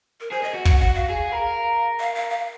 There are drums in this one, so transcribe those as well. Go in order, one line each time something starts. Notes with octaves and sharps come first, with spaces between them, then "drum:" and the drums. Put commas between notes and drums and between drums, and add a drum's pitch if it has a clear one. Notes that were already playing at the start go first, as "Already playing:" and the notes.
A#4
G#4 C5
G#4 D#5
F#4
F#5, drum: kick
F#5
F5
G#4
A#4
F5
F5
F5